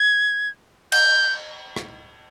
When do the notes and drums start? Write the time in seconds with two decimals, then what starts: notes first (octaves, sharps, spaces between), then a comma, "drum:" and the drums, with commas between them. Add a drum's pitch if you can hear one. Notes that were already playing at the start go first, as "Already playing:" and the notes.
Already playing: G#6
0.92 G6, drum: cymbal
1.76 drum: rim click